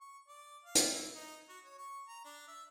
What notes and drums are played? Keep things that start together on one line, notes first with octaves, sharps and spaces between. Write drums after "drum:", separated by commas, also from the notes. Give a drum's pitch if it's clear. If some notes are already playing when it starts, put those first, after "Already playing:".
C#6
D5
F5
drum: hi-hat
E4
D#4
F#4
C#5
C#6
A#5
D4
E5